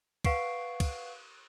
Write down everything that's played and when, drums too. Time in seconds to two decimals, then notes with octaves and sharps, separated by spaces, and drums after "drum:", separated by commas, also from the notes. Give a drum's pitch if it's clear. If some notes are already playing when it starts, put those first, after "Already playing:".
0.24 B4 F5 F#5 C#6 C7 D7, drum: kick, cymbal
0.80 drum: kick, cymbal